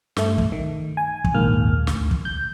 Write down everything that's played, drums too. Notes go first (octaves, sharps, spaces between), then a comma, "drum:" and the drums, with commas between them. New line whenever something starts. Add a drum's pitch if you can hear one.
G2 A3, drum: snare
drum: kick
D#3
G#5
drum: kick
A#1 D#2 G#2 A#3 F6
D2, drum: snare
drum: kick
G6